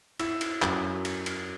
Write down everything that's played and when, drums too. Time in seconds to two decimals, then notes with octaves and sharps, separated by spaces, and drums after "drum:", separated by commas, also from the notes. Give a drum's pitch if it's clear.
0.20 E4 E6, drum: cymbal
0.41 drum: cymbal
0.62 F#2, drum: clap
1.05 drum: cymbal
1.26 drum: cymbal